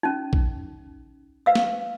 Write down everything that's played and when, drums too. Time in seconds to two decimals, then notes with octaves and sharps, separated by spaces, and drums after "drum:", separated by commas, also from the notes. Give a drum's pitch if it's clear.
0.03 C#4 D#4
0.33 drum: kick
1.46 B4 F5 E6
1.55 drum: snare